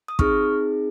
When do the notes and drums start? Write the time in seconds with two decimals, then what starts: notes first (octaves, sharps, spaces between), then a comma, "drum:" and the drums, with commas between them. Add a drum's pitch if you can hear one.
0.08 D#6
0.19 C4 D#4 G#4 C#6 F6, drum: kick